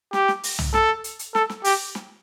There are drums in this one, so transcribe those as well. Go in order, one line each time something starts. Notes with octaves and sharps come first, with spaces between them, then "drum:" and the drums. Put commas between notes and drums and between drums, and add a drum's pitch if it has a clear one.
G4, drum: snare
drum: snare
drum: open hi-hat
drum: tom C2
A4, drum: snare
drum: hi-hat
drum: hi-hat
A4, drum: snare
drum: snare
G4, drum: open hi-hat
drum: snare